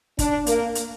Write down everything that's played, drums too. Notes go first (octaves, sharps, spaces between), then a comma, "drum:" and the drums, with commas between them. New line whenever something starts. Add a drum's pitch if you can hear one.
D4, drum: kick, hi-hat
A#3, drum: hi-hat
drum: hi-hat